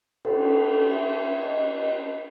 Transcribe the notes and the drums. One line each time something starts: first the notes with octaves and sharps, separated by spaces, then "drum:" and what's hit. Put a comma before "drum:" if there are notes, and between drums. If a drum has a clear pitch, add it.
A4, drum: cymbal
E5
D#5